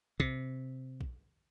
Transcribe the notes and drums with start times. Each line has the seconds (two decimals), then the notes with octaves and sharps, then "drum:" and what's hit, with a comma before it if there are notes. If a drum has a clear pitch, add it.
0.20 C3, drum: kick
1.01 drum: kick